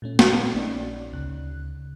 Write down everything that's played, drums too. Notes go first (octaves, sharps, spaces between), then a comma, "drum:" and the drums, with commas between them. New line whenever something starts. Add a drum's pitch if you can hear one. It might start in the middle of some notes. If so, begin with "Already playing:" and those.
A#2 A3 C#4
F#5, drum: snare
A#1 C#4 D#4 D5
D2 C#3 F#6